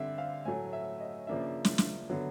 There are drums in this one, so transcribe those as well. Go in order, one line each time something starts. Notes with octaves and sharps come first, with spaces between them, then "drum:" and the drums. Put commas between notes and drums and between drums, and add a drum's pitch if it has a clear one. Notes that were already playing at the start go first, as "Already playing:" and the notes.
Already playing: D3 G3 C4 E5
F5
A2 F#3 A3 G#5
E5
D#5
C#3 F3 A#3 D4 E5
drum: snare
drum: snare
D3 F#3 B3